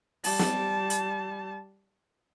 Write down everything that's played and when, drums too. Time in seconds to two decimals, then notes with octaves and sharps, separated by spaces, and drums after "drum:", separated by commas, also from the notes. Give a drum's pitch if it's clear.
0.24 G3 A5, drum: open hi-hat
0.39 drum: snare
0.90 drum: hi-hat